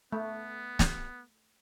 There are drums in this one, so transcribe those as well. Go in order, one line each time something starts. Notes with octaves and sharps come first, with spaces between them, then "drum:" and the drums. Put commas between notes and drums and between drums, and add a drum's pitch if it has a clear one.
A3 B3
drum: snare